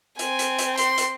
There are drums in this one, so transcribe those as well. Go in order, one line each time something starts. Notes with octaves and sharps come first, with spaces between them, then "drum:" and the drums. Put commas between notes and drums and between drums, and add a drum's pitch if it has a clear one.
C4 G#5, drum: hi-hat
drum: hi-hat
drum: hi-hat
C6, drum: hi-hat
drum: hi-hat